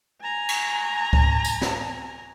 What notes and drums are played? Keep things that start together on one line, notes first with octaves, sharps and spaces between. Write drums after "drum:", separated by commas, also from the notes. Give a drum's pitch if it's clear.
G#5 A#5
drum: cymbal
drum: kick C#2
drum: tambourine
drum: snare